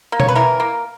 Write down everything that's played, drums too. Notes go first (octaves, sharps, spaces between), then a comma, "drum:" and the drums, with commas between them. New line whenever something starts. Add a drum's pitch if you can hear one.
A#3
C#5, drum: tom B2
B4
E3 A#4
A#3